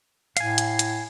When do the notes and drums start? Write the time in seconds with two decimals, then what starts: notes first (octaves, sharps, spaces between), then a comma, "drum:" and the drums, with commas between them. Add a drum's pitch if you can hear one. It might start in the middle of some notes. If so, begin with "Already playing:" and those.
0.37 A2 F5 G#5, drum: hi-hat
0.58 drum: hi-hat
0.79 drum: hi-hat